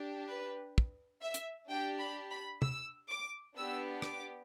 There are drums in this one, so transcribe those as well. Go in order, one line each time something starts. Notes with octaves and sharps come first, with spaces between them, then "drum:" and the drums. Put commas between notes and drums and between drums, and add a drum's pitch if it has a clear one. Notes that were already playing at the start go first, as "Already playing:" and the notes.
Already playing: D4 G4
B4
drum: kick
E5
drum: hi-hat
D4 G4 G5
B5
B5
E6, drum: tom
D6
B3 D4 G4 E6
D6, drum: rim click